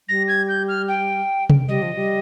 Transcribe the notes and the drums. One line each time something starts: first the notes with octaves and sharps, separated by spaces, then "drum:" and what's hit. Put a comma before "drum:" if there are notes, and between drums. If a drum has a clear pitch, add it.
G3 A#6
G#6
G6
F6
G5
drum: tom C3
G3 D#5
F3
G3